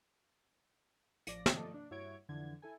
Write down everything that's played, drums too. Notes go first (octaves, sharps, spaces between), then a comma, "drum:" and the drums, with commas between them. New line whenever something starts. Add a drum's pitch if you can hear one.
A1 F3 D5 A#6, drum: hi-hat
drum: snare
F3 A3 A4 D5 D#5
D4
G2 E4 F#4 C#5 G#6 D7
F2 D3 E3 G#6
E4 A4 G#5